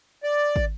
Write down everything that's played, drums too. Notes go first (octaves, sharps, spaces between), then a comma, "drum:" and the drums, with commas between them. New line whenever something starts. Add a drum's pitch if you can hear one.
D5
drum: kick